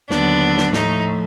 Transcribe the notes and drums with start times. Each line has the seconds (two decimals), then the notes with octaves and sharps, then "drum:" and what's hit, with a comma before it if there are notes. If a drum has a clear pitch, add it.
0.10 D#2 D3 F#3 B3 D4, drum: snare
0.58 drum: snare
0.73 A2 F3 A3 D#4, drum: snare